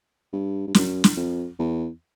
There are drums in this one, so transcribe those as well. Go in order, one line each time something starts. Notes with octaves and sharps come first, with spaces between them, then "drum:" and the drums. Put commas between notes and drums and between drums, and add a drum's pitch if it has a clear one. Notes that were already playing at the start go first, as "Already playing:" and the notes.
G2
G2
F#2, drum: snare
drum: snare
F2
E2